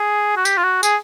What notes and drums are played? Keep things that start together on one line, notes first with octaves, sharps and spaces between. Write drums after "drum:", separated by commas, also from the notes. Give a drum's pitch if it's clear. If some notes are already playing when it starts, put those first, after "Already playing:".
Already playing: G#4
F#4
G4, drum: tambourine
F4
F#4
G#4, drum: tambourine